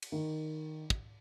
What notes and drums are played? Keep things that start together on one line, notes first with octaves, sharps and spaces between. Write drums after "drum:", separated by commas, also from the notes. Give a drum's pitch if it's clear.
drum: cymbal
D#3
drum: kick